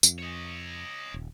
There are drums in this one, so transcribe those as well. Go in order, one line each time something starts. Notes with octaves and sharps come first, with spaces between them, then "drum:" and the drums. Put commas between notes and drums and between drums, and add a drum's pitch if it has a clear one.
F2, drum: tambourine
C#5 D#5
D#1